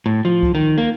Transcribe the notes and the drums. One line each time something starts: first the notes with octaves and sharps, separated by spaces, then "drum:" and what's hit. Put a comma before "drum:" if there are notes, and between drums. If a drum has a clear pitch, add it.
A2
F3
drum: kick C2
D#3
A#3